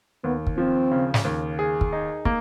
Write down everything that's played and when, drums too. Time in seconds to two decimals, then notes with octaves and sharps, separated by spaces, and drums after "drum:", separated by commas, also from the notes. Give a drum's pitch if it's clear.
0.24 D#2 B3
0.47 drum: kick
0.58 F3 C4
0.91 C#3
1.14 drum: snare
1.25 D#2
1.59 G#4
1.81 drum: kick
1.93 D#4
2.25 A#3, drum: kick